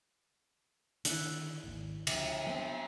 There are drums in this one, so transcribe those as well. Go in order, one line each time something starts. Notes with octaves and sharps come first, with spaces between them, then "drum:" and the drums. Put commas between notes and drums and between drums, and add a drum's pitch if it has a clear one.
D3 D#3 D4 E4 F#5, drum: hi-hat
G#1 D#2
C#2 D3 F3 A5, drum: cymbal
F#3 B3 C4 D4 G5